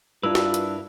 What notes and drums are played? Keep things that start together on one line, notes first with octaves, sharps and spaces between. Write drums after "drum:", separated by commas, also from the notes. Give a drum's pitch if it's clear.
G2 D4 E4 F4 A#4 B4 E6
drum: snare
drum: hi-hat